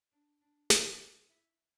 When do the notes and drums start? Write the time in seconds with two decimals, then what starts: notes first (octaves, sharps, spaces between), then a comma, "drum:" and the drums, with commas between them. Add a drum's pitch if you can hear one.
0.12 D4
0.41 D4
0.70 drum: snare
1.28 E4